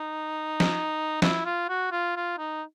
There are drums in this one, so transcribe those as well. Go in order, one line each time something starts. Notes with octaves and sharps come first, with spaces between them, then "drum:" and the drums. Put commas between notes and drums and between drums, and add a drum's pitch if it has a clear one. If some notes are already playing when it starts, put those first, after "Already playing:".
Already playing: D#4
drum: snare
E4, drum: snare
F4
F#4
F4
F4
D#4